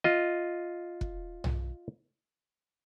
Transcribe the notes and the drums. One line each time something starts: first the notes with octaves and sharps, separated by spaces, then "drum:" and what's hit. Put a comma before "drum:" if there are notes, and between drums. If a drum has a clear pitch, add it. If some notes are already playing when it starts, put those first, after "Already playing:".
F4 D#5
drum: kick
drum: tom